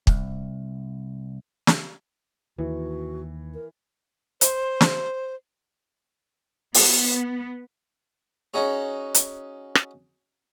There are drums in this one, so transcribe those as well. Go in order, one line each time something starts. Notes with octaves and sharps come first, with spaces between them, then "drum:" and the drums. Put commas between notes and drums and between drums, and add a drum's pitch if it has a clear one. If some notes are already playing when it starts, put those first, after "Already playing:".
C2, drum: kick
drum: snare
D#2 E3 F#4
A#4
C5, drum: hi-hat
drum: snare
B3, drum: open hi-hat
C#4 D#4 F#4 G#4 C#5
drum: hi-hat
drum: rim click